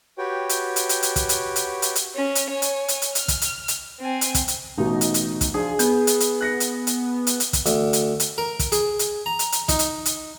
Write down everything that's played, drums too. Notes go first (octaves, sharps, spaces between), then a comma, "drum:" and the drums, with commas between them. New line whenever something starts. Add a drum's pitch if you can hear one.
F#4 G4 B4 C#5 G5
drum: hi-hat
drum: hi-hat
drum: hi-hat
drum: hi-hat
drum: kick, hi-hat
drum: hi-hat
drum: hi-hat
drum: hi-hat
drum: hi-hat
C#4
drum: hi-hat
C#5 G#5
drum: hi-hat
drum: hi-hat
drum: hi-hat
F6, drum: hi-hat
drum: kick, hi-hat
drum: hi-hat
drum: hi-hat
C4 G#5
drum: hi-hat
drum: kick, hi-hat
drum: hi-hat
A1 B2 D#4
drum: hi-hat
drum: hi-hat
drum: kick, hi-hat
F3 D4 G#4
B3 G6, drum: hi-hat
drum: hi-hat
drum: hi-hat
F#6 A#6 C#7
drum: hi-hat
drum: hi-hat
drum: hi-hat
drum: hi-hat
drum: kick, hi-hat
D2, drum: hi-hat
drum: hi-hat
drum: hi-hat
A#4
drum: kick, hi-hat
G#4, drum: hi-hat
drum: hi-hat
A#5
drum: hi-hat
drum: hi-hat
D#4, drum: kick, hi-hat
drum: hi-hat
drum: hi-hat